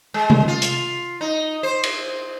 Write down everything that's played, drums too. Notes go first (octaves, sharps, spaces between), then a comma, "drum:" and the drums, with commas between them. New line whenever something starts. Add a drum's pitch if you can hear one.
G#3
drum: tom C3
F4
drum: hi-hat
D#4
C5
drum: cymbal